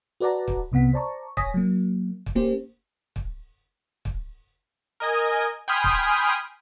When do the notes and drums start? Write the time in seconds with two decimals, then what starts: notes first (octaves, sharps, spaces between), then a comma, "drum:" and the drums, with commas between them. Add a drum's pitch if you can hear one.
0.20 F#4 B4 D5 F#5 A5 A#5
0.48 drum: kick
0.72 C2 C3 B3 F#5 B6
0.93 C5 D5 A5 A#5 C#6
1.37 C#5 G#5 D#6 A#6 B6, drum: kick
1.54 F#3 A#3
2.26 drum: kick
2.35 A#3 C#4 G4 C5
3.16 drum: kick
4.05 drum: kick
5.00 A#4 D#5 G#5
5.68 G5 G#5 B5 C6 D#6 F6
5.84 drum: kick